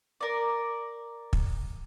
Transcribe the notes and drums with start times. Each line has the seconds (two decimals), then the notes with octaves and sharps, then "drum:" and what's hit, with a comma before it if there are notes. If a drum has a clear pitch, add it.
0.21 A#4 D5
1.33 drum: kick